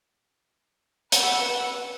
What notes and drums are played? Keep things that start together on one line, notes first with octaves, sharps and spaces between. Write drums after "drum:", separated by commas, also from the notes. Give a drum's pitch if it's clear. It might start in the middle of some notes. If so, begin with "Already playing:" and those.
B4 F#5 E6, drum: hi-hat